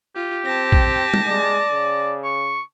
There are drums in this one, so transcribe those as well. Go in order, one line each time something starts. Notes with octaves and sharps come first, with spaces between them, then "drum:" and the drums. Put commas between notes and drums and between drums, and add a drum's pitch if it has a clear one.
F4 G4
C4 A5 A#6
drum: kick A#1
drum: tom
G#3 D5
C#3
C#6